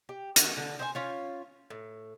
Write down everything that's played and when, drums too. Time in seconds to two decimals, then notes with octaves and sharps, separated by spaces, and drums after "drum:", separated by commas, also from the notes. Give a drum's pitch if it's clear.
0.09 G4
0.36 D#3 F#4, drum: hi-hat
0.57 D3
0.79 C5 D#5 G#5
0.95 C#4 F4 C#5
1.70 A2